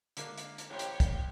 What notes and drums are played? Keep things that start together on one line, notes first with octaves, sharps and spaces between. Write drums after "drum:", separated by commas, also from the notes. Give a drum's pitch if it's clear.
D3 G#3 A#3, drum: hi-hat
drum: hi-hat
drum: hi-hat
A1 G4 C5 C#5
drum: hi-hat
drum: kick, hi-hat